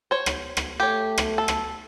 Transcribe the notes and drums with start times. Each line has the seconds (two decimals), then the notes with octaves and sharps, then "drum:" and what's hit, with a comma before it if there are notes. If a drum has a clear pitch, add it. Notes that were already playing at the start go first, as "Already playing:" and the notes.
0.11 C5 C#5
0.26 drum: rim click
0.57 drum: rim click
0.80 A3 G4 C#5
1.18 drum: rim click
1.38 A4
1.48 drum: rim click